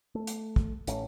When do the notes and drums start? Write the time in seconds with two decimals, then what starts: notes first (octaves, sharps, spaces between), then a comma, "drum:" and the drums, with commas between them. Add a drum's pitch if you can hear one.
0.15 A3
0.27 drum: hi-hat
0.56 drum: kick
0.87 A1 A3 C#4, drum: hi-hat